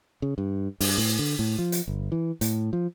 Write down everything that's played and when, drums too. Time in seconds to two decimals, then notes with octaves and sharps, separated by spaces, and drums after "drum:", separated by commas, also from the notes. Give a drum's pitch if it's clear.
0.22 C#3
0.38 G2
0.80 G2, drum: open hi-hat
0.98 A2
1.19 D3
1.39 A2
1.59 F3
1.72 drum: hi-hat
1.88 G1
2.12 E3
2.41 A2, drum: hi-hat
2.73 F3